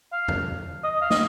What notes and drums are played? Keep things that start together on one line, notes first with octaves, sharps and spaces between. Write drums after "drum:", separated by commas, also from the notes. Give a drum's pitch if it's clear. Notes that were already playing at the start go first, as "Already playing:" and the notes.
F5
drum: tom E2
D#5
D#5
F5
D#5, drum: snare